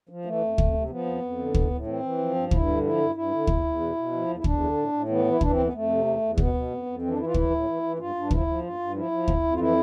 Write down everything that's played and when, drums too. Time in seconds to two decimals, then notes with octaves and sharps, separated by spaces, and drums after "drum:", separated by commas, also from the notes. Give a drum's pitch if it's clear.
0.09 F3
0.25 E3 A3
0.41 F2
0.58 F2, drum: kick D2
0.74 C3
0.90 F3 B3
1.06 F2
1.22 F2
1.39 D3
1.54 A2, drum: kick D2
1.70 A2
1.87 E3 C4
2.03 E3
2.18 F3
2.35 G2
2.51 G2 E4, drum: kick D2
2.67 D3
2.83 F3 E4
3.00 G2
3.15 G2 E4
3.31 D3
3.47 E2, drum: kick D2
3.64 E2
3.80 B2
3.96 B2
4.12 F3
4.28 E2
4.38 E4
4.44 E2 D4, drum: kick D2
4.60 D3
4.77 A2
4.92 A2
5.08 E3 B3
5.25 E3
5.31 E4
5.41 E3 D4, drum: kick D2
5.51 C4
5.57 F2
5.63 B3
5.73 F2 A3
5.89 C3
6.06 E2
6.22 E2
6.38 B2 B3, drum: kick D2
6.54 B2
6.70 F2
6.86 F2
7.02 E3 C4
7.11 D4
7.18 E3 E4
7.26 F4
7.34 A2 E4, drum: kick D2
7.50 A2
7.67 E3
7.83 E3
7.99 G2 F4
8.15 G2 D4
8.31 F3 E4, drum: kick D2
8.47 F3
8.63 G2 F4
8.79 G2
8.95 F3 E4
9.11 F3
9.28 F2, drum: kick D2
9.43 F2
9.54 F4
9.60 E3 E4